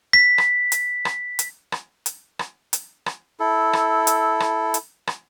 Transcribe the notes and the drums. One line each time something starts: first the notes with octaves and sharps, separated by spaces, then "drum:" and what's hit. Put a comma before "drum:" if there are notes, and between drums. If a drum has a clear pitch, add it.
B6
drum: rim click
drum: hi-hat
drum: rim click
drum: hi-hat
drum: rim click
drum: hi-hat
drum: rim click
drum: hi-hat
drum: rim click
E4 A4
drum: rim click
drum: hi-hat
drum: rim click
drum: hi-hat
drum: rim click